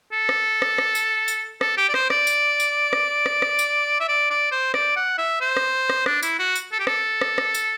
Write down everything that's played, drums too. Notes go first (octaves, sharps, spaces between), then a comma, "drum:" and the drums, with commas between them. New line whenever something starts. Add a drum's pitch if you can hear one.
A4
drum: rim click
drum: rim click
drum: rim click
drum: tambourine
drum: tambourine
A4, drum: rim click
G4
D5
C5, drum: rim click
D5, drum: rim click
drum: tambourine
drum: tambourine
drum: rim click
drum: rim click
drum: rim click
drum: tambourine
E5
D5
D5
C5
D5, drum: rim click
F#5
E5
C5
drum: rim click
drum: rim click
D4, drum: rim click
E4, drum: tambourine
F#4
drum: tambourine
A4
G4
A4, drum: rim click
drum: rim click
drum: rim click
drum: tambourine